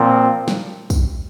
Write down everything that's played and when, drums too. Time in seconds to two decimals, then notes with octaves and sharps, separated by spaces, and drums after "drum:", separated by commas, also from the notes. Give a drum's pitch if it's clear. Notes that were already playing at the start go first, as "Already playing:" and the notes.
Already playing: A#2 F3 C4
0.48 drum: snare
0.90 drum: kick, tambourine